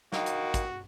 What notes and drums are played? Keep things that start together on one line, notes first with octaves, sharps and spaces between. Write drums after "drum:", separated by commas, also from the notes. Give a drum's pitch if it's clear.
D#2 D#3 A#3 F#4, drum: snare
drum: hi-hat
drum: kick, hi-hat